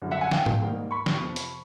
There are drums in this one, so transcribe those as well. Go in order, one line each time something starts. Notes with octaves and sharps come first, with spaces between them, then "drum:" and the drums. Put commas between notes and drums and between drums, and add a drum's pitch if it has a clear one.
F#2 D3 G3
E5 F#5
F#5 G#5
F5 G5, drum: snare
drum: tom
G#2 D#3 G3 A#3
B5 C#6
drum: snare
F2 C3 F3
drum: hi-hat